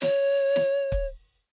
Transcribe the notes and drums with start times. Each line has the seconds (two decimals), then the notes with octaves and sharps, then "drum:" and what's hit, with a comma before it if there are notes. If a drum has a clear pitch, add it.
0.02 C#5, drum: snare
0.56 drum: snare
0.92 drum: kick